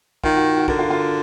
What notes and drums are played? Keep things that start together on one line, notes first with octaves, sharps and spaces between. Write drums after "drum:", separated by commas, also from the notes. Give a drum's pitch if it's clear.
D#3 F4, drum: kick
F#4
F#4
D3 F#4 A#4, drum: kick
F4
F4